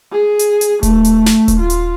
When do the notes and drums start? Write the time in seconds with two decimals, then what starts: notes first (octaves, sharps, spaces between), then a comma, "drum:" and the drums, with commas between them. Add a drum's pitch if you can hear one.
0.12 G#4
0.39 drum: hi-hat
0.61 drum: hi-hat
0.83 A3, drum: kick D#1, hi-hat
1.04 drum: hi-hat
1.26 drum: snare
1.48 drum: kick D#1, hi-hat
1.60 F4
1.70 drum: hi-hat